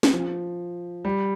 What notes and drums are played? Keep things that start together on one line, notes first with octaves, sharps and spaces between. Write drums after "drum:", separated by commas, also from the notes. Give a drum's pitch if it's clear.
drum: snare C4
F3
G3